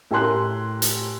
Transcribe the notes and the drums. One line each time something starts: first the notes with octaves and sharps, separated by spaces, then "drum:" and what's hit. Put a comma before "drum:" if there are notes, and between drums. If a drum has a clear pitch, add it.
A2 G4 A#4 G#5 C6 F#6
drum: hi-hat